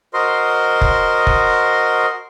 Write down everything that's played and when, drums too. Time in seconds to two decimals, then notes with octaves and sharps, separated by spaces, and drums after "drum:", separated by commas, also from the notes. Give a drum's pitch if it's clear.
0.14 F#4 A#4 C5 D#5 C6
0.81 drum: kick F1
1.27 drum: kick F1